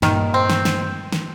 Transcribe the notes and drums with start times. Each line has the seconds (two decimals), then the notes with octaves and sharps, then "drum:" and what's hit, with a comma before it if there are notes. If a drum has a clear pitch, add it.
0.02 G2 A#2 D#3, drum: snare
0.34 C4
0.50 drum: snare
0.65 drum: snare
1.12 drum: snare